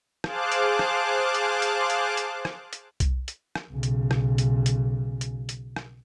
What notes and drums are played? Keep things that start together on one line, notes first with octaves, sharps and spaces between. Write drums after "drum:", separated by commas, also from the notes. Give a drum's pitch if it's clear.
G#4 C5 F5 A5 D6 F#6, drum: rim click
drum: hi-hat
drum: rim click
drum: hi-hat
drum: hi-hat
drum: hi-hat
drum: hi-hat
drum: rim click
drum: hi-hat
drum: kick B1, hi-hat
drum: hi-hat
drum: rim click
B1 C#3
drum: hi-hat
drum: rim click
drum: hi-hat
drum: hi-hat
drum: hi-hat
drum: hi-hat
drum: rim click